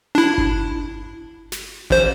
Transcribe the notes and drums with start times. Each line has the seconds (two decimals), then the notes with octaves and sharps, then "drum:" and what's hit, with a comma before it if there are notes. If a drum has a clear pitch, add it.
0.15 D4 E4
0.38 drum: kick G1
1.52 drum: snare
1.90 A1 C5